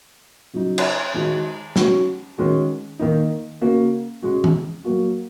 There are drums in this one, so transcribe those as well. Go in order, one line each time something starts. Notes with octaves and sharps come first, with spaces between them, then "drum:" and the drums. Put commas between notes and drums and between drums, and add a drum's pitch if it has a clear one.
C#3 F#3 D#4
drum: cymbal
D#3 G#3 D#4 F#4
F#3 C#4 F#4, drum: snare
D#3 G#3 C#4 F#4
D#3 A#3 D#4
C#3 A#3 F#4
C#3 G#3 F#4
drum: tom
F#3 A#3 F#4